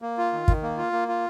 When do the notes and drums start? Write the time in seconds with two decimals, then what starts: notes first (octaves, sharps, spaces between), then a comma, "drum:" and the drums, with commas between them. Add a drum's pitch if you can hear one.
0.02 A#3
0.18 F4
0.33 D#3
0.48 D#3, drum: kick
0.63 A#3
0.77 F4
0.93 A#3
1.08 F4